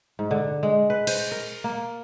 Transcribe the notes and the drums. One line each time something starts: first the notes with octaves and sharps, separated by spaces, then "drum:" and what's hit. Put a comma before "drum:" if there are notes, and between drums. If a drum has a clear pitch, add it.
G#2
D3
G#3
B4
C5, drum: cymbal
A#4
A#3